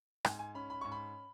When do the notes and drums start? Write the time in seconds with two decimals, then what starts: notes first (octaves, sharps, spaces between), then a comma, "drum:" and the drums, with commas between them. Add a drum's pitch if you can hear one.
0.25 G#2 G#5, drum: rim click
0.39 G#5
0.55 C#4 B5
0.70 B5
0.81 G#2 C#6
0.92 B5